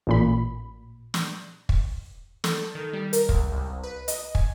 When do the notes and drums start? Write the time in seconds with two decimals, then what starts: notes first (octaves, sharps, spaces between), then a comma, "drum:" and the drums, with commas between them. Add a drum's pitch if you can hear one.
0.07 A1 A#2 B5
1.14 drum: snare
1.69 drum: kick
2.44 A4, drum: snare
2.63 A4
2.75 D#3
2.93 G3
3.13 A#4, drum: hi-hat
3.29 C#2, drum: kick
3.52 C2
3.83 B4
4.08 D#5, drum: hi-hat
4.35 G#5, drum: kick